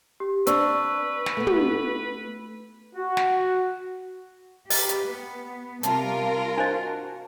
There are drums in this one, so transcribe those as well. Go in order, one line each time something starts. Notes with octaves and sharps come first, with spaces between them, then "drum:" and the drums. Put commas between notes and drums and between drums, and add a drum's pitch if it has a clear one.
G4
C4 D4 B4 C#6 E6, drum: hi-hat
drum: snare
A3 B3
drum: tom
F#4
drum: snare
G4 B4 D#5, drum: open hi-hat
drum: hi-hat
B3
C3 G3 F4 A#4 A5, drum: hi-hat
D4 F#4 C5 D#5